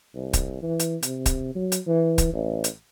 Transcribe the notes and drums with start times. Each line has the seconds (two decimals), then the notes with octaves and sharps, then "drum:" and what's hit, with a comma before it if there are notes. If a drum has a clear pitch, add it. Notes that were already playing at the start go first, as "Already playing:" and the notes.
0.15 C2
0.33 drum: kick, hi-hat
0.62 E3
0.80 drum: hi-hat
1.03 C3, drum: hi-hat
1.26 drum: kick, hi-hat
1.55 F#3
1.72 drum: hi-hat
1.87 E3
2.18 drum: kick, hi-hat
2.33 A1
2.64 drum: hi-hat